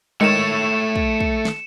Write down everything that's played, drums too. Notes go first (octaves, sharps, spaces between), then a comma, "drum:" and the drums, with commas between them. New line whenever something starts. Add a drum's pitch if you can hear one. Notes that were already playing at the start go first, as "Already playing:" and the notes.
D#3 G#3 A3 C#5 C#7 E7
drum: kick
drum: kick
drum: snare